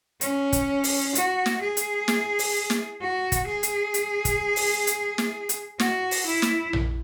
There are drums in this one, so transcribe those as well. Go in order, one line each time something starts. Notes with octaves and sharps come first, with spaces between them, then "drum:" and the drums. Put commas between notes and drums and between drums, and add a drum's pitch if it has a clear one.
C#4, drum: hi-hat
drum: kick, hi-hat
drum: open hi-hat
F#4, drum: hi-hat
drum: snare
G#4
drum: hi-hat
drum: snare
drum: open hi-hat
drum: snare
F#4
drum: kick, hi-hat
G#4
drum: hi-hat
drum: hi-hat
drum: kick, hi-hat
drum: open hi-hat
drum: hi-hat
drum: snare
drum: hi-hat
F#4, drum: snare
drum: open hi-hat
E4
drum: snare
drum: tom A#1